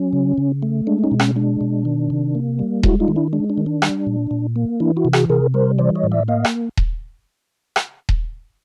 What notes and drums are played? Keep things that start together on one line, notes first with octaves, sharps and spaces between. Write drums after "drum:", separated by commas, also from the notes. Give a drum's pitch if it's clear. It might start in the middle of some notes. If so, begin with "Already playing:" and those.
Already playing: F#3 C#4
C#3
C#3
A3
G#3 D4
C#4 D#4
B2
C#4, drum: rim click
G#3 D4
B2
D#3
C3
A#3
G3
G#3 E4 F#4, drum: kick D#1
D#4 F4
D#3
D4 E4
G#3 D4
D4
D#3
D4
G3, drum: rim click
A#2
A#2
A#3
E3 D4 E4
E4 F#4
C3
F#4 G#4, drum: rim click
C3 G#4 A#4
G3 A#4 C5
E3 C5 D5
C#5 D#5
A2
D5 E5
A#3 D#5 F5
drum: rim click
drum: kick D#1
drum: rim click
drum: kick D#1